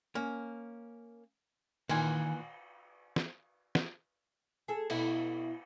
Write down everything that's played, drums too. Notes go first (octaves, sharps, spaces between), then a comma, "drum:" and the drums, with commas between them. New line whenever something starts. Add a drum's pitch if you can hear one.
A#3 C#4
A#2 D#3 E3 G#5, drum: cymbal
drum: snare
drum: snare
G#4 A4
B2 E4, drum: cymbal